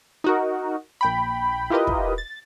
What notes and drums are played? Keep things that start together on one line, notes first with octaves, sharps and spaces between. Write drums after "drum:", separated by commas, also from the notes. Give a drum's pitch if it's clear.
D#4 F#4 A#4
A#1 G5 B5
E4 F4 G4 A#4 B4 D#5
drum: kick
A6